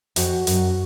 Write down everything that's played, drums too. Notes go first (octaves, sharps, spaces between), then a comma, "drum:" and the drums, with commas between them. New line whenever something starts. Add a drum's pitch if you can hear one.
F2 F#4, drum: hi-hat
F#2, drum: hi-hat